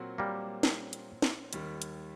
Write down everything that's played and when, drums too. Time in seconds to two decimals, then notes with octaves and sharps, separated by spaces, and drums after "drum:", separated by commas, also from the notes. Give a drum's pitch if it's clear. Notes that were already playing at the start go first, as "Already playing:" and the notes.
Already playing: A#2 F#3 C4 F#4
0.18 G3 A#3
0.63 drum: snare
0.93 drum: hi-hat
1.22 drum: snare
1.53 D#2 D#3 G3, drum: hi-hat
1.82 drum: hi-hat